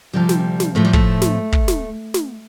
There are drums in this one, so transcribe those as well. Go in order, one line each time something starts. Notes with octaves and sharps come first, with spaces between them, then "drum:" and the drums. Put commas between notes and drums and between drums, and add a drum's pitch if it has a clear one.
D2 C3 F3 G3
drum: snare
drum: snare
A2 F3 A3
G3
A3, drum: kick
drum: snare
drum: kick
drum: snare
drum: snare